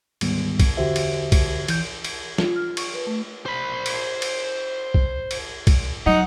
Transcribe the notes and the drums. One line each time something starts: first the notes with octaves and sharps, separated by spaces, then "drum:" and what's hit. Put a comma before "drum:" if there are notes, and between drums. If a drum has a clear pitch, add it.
D2 G#2 D#3 G3 B3, drum: cymbal
drum: kick B1, cymbal
E2 D3 F#4 G4 C5 E5
drum: cymbal
drum: kick B1, cymbal
E3 G6, drum: cymbal
drum: cymbal
F4, drum: snare
F6
C#6, drum: cymbal
B4
A3
C5 B5
drum: cymbal
drum: cymbal
drum: kick B1
drum: cymbal
drum: kick B1, cymbal
F#3 D#4 F#5